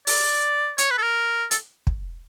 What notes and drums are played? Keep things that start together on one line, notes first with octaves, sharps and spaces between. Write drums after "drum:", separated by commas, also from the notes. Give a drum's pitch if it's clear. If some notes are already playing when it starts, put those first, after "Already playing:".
D5, drum: open hi-hat
C#5, drum: hi-hat
B4
A4
A#4
A4, drum: hi-hat
drum: kick